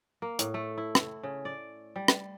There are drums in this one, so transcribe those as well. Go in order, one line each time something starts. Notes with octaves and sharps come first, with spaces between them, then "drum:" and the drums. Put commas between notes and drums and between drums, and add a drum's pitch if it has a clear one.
A#3
A2, drum: hi-hat
A3
E4
drum: rim click
C#3
D5
G3
drum: rim click